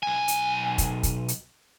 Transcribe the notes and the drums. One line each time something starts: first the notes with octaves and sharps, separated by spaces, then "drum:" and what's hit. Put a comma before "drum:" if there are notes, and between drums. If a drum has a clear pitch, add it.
B1 G#5
drum: hi-hat
drum: kick, hi-hat
drum: kick, hi-hat
drum: hi-hat